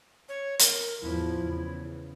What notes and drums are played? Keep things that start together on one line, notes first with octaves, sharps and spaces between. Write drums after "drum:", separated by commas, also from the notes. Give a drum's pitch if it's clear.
C#5
A#4, drum: hi-hat
E2 A2 F3 E4
E2 C#3